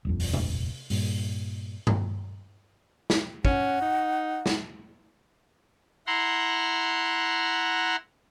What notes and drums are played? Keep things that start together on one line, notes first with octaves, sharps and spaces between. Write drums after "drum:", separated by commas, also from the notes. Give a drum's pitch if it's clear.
D#1 A#1 F2
drum: open hi-hat
drum: tom C3
G2 A#2, drum: open hi-hat
drum: tom G2
drum: snare
C#4 F#5, drum: kick
D#4
drum: snare
E4 F#5 A#5 C6